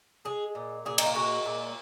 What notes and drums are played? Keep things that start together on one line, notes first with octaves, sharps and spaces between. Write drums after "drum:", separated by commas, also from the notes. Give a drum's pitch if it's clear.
G#3 G#4
A#2
A#2 G#4
D#4, drum: cymbal
F4
G#3 F#4
A#2